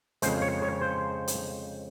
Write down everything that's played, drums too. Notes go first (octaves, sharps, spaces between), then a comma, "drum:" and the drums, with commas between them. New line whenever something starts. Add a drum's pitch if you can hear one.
F2 C#3 G#3 C5, drum: hi-hat
C#5
C#5
C5
drum: hi-hat